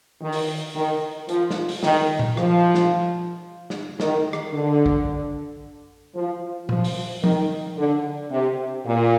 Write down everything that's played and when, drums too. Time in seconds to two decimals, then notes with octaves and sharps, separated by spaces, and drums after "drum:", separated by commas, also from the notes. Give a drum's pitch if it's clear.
0.22 D#3
0.32 drum: open hi-hat
0.75 D#3
1.29 F3, drum: hi-hat
1.50 drum: snare
1.69 drum: open hi-hat
1.83 D#3, drum: snare
2.19 drum: tom A#2
2.37 F3, drum: rim click
2.75 drum: snare
3.70 drum: snare
4.00 D#3, drum: snare
4.33 drum: rim click
4.53 D3
4.86 drum: kick
6.15 F3
6.69 F3, drum: tom A#2
6.84 drum: open hi-hat
7.24 D#3, drum: tom F3
7.77 D3
8.31 C3
8.86 A#2